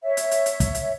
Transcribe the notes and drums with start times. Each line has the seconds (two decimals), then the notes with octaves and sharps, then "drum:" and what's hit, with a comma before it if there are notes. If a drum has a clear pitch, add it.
0.03 C#5 E5
0.17 drum: hi-hat
0.31 drum: hi-hat
0.46 drum: hi-hat
0.60 drum: kick, hi-hat
0.75 drum: hi-hat